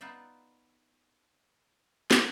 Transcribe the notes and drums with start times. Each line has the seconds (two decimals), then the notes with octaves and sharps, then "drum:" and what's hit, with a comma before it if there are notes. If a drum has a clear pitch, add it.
0.01 B3 D#4 F4 D5 E5
2.11 drum: snare